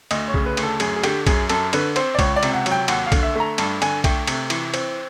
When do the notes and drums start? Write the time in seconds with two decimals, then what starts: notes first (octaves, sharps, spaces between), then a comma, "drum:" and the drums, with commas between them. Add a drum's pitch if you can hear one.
0.11 D2 D#5, drum: cymbal
0.28 C#5
0.34 C#3, drum: kick B1
0.46 B4
0.57 D2, drum: cymbal
0.63 A4
0.80 F#2 G#4, drum: cymbal
0.96 G#4
1.03 D3 G4, drum: cymbal
1.27 F#2 G#4, drum: kick B1, cymbal
1.49 F#2 A4, drum: cymbal
1.73 D3 B4, drum: cymbal
1.96 C4 C5, drum: cymbal
2.15 D5
2.19 C#2 C#5, drum: kick B1, cymbal
2.36 D5
2.43 C3, drum: cymbal
2.53 F#5
2.66 F#3, drum: cymbal
2.72 G5
2.88 D#2 F#5, drum: cymbal
3.06 F5
3.12 D3, drum: kick B1, cymbal
3.23 E5
3.35 A3 A#5
3.58 G2 A5, drum: cymbal
3.82 D3 G#5, drum: cymbal
4.04 A3 G5, drum: kick B1, cymbal
4.27 C3, drum: cymbal
4.50 E3, drum: cymbal
4.74 C4, drum: cymbal